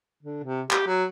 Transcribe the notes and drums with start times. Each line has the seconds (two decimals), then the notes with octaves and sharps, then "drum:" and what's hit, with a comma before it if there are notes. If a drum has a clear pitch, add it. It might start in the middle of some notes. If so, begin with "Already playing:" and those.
0.23 D3
0.43 C3
0.71 G4, drum: clap
0.86 F#3